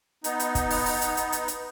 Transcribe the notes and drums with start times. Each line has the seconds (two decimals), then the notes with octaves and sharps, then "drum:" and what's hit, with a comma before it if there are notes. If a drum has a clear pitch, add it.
0.24 B3 D#4, drum: hi-hat
0.40 drum: hi-hat
0.55 drum: kick, hi-hat
0.71 drum: open hi-hat
0.86 drum: open hi-hat
1.01 drum: hi-hat
1.17 drum: hi-hat
1.32 drum: hi-hat
1.48 drum: hi-hat